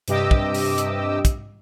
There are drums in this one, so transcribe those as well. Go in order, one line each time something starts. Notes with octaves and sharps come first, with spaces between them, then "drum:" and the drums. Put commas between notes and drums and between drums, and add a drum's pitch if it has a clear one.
G2 C3 G4 D#5 D6 E6, drum: hi-hat
drum: kick
drum: open hi-hat
drum: hi-hat
drum: kick, hi-hat